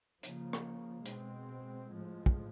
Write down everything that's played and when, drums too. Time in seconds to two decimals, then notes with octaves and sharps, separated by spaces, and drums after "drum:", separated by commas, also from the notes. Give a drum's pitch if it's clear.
0.23 C#3 F3 A#3, drum: hi-hat
0.53 drum: rim click
1.06 B2 G#3 C4, drum: hi-hat
1.89 A2 F3 G#3
2.26 drum: kick